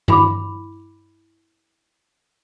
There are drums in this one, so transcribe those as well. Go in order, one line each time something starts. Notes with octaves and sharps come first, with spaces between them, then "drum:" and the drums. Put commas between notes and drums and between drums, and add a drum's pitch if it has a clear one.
E4 B5 D6, drum: tom G2